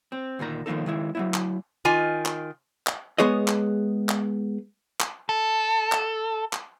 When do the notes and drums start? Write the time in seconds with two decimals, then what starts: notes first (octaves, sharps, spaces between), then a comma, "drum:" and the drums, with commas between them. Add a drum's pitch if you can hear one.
0.12 C4
0.39 D2 A#2 D#3 A#5
0.66 D#3 F3 A#3 D#4 A4
0.86 D#3 G#3 E4
1.15 F#3 A3 E4
1.34 drum: clap
1.85 D#3 F4 G#5
2.26 drum: clap
2.87 drum: clap
3.18 G#3 B3 G#4 C#5 D#5
3.48 drum: clap
4.09 drum: clap
5.00 drum: clap
5.29 A4
5.92 drum: clap
6.53 drum: clap